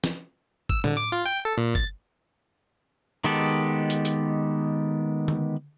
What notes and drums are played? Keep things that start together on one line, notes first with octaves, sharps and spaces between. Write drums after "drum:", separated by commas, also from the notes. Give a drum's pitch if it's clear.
drum: snare
E6, drum: kick
D3, drum: tom
D6
F4
G5
A4
A#2
A6, drum: kick
D#3 G#3 B3 G4 A4
drum: hi-hat
drum: hi-hat
drum: tom D3